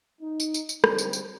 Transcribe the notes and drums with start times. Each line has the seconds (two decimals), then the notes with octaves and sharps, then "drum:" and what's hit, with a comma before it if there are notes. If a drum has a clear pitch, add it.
0.21 D#4
0.40 drum: tambourine
0.54 drum: tambourine
0.69 drum: tambourine
0.84 D3 F#3 G3 C4 D#4 G#4, drum: rim click
0.98 drum: tambourine
1.13 drum: tambourine